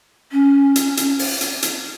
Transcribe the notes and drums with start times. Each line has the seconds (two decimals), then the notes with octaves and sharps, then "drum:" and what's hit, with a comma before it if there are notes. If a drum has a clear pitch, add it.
0.32 C#4
0.76 drum: hi-hat
0.97 drum: hi-hat
1.19 drum: open hi-hat
1.41 drum: hi-hat
1.63 drum: hi-hat